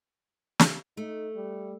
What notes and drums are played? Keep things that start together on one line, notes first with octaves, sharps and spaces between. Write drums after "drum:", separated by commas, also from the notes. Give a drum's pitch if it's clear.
drum: snare
A3 D#4
G3